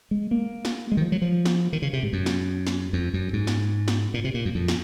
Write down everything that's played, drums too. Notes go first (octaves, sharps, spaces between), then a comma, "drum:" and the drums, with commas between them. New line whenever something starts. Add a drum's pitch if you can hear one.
G#3
A#3
drum: snare
G#3
D#3
F3
F#3
F3
drum: snare
D#3
C#3
C3
G#2
F#2
drum: snare
drum: snare
F2
F#2
G#2
drum: snare
drum: snare
A#2
C3
A#2
F#2
F2
drum: snare